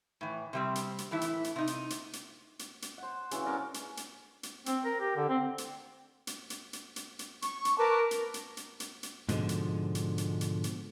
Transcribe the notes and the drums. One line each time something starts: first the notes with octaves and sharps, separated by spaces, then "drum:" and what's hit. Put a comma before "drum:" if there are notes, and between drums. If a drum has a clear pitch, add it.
A2 E3
C3 G3 C4
drum: hi-hat
drum: hi-hat
A2 E3 E4
drum: hi-hat
drum: hi-hat
C3 D#4
drum: hi-hat
drum: hi-hat
drum: hi-hat
drum: hi-hat
drum: hi-hat
C5 F#5
C#3 E3 F#4, drum: hi-hat
C#4 A4 A#4 D5
drum: hi-hat
drum: hi-hat
drum: hi-hat
C4, drum: hi-hat
A#4
G4
D3
C4
drum: hi-hat
drum: hi-hat
drum: hi-hat
drum: hi-hat
drum: hi-hat
drum: hi-hat
C#6, drum: hi-hat
drum: hi-hat
A#4 B4 A5 D6
drum: hi-hat
drum: hi-hat
drum: hi-hat
drum: hi-hat
drum: hi-hat
G#2 B2 D3 F3 G#3, drum: hi-hat
drum: hi-hat
drum: hi-hat
drum: hi-hat
drum: hi-hat
drum: hi-hat